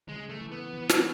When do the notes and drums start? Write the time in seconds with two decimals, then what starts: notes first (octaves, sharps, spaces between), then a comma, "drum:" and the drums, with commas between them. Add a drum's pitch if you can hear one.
0.08 C#3 G#3
0.29 A3
0.41 E3
0.52 B3
0.74 E3
0.89 drum: snare